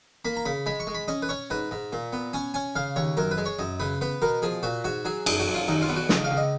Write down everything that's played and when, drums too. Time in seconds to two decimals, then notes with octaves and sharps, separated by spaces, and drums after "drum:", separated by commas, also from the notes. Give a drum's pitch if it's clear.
0.25 A#3 B5
0.37 A#5
0.45 C#3 B5
0.66 G#3 B5
0.80 C#6
0.87 G#3
0.95 B5
1.08 C#4 D#5
1.22 B4
1.29 C#4 C#5
1.50 G#2 B4
1.71 G#2
1.93 A#2
2.13 B3
2.33 C#4 G#5
2.54 C#4 G#5
2.76 C#3 F5
2.96 D#2 C#5
3.17 F#2 A#4
3.31 B4
3.38 G#3
3.46 C#5
3.59 F#2 D#5
3.80 C#3 B4
4.01 B3 B4
4.22 B2 A#4
4.42 F3 G#4
4.63 A#2 F#4
4.84 G#2 F#4
5.05 F#3 G#4
5.26 F#2 G#4, drum: cymbal
5.40 F#4
5.48 F#2
5.54 F4
5.68 D#2 D#4
5.82 F4
5.89 B3
5.96 F#4
6.09 C#2 D#5, drum: snare
6.24 F5
6.31 C#2
6.37 D#5